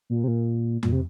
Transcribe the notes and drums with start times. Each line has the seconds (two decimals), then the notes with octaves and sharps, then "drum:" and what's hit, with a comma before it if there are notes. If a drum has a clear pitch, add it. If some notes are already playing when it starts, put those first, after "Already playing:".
0.10 A#2
0.24 C3
0.28 A#2
0.83 A#2, drum: tom F2
0.92 C3